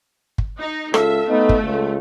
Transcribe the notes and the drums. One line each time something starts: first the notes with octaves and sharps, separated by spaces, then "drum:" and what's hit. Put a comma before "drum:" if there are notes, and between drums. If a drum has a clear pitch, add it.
drum: kick
D#4
C#2 A4 E5 F5, drum: rim click
A3 B3 D#4
drum: kick
C#2